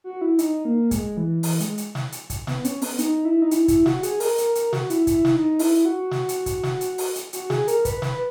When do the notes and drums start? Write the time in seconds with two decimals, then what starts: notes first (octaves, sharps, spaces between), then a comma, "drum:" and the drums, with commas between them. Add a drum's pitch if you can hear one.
0.04 F#4
0.21 E4
0.39 D#4, drum: hi-hat
0.65 A#3
0.91 G#3, drum: kick, hi-hat
1.17 E3
1.43 E3, drum: open hi-hat
1.60 G#3, drum: hi-hat
1.78 drum: hi-hat
1.95 drum: snare
2.12 drum: hi-hat
2.30 drum: kick, hi-hat
2.47 B3, drum: snare
2.65 C#4, drum: hi-hat
2.82 B3, drum: open hi-hat
2.99 D#4, drum: hi-hat
3.25 E4
3.42 D#4
3.51 E4, drum: hi-hat
3.68 E4, drum: kick, hi-hat
3.86 F#4, drum: snare
4.03 G#4, drum: hi-hat
4.20 A#4, drum: open hi-hat
4.38 A#4, drum: hi-hat
4.55 A#4, drum: hi-hat
4.73 F#4, drum: snare
4.90 E4, drum: hi-hat
5.07 E4, drum: kick, hi-hat
5.25 drum: snare
5.34 D#4
5.59 E4, drum: open hi-hat
5.85 F#4
6.11 drum: snare
6.29 drum: hi-hat
6.46 drum: kick, hi-hat
6.63 drum: snare
6.81 drum: hi-hat
6.98 drum: open hi-hat
7.15 drum: hi-hat
7.33 F#4, drum: hi-hat
7.50 G#4, drum: snare
7.68 A#4, drum: hi-hat
7.85 B4, drum: kick, hi-hat
8.02 B4, drum: snare